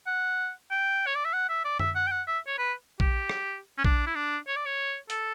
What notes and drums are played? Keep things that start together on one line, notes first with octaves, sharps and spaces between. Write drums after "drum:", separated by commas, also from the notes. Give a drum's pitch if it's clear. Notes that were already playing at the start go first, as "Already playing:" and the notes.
F#5
G5
C#5
D5
E5
F#5
E5
D5
E5, drum: tom F#2
F#5
G5
F#5
E5
C#5
B4
G4, drum: kick
drum: rim click
C#4
D4, drum: kick
E4
D4
C#5
D5
C#5
A4, drum: hi-hat